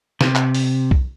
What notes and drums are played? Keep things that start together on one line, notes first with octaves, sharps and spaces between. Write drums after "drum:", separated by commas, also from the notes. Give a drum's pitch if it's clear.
C3, drum: snare
drum: clap
drum: open hi-hat
drum: kick B1